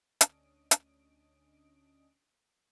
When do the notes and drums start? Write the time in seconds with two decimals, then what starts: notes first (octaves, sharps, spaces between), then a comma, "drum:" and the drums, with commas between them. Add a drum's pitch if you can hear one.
0.21 D2 C#4 D4 D#5 D#6 D7, drum: hi-hat
0.71 drum: hi-hat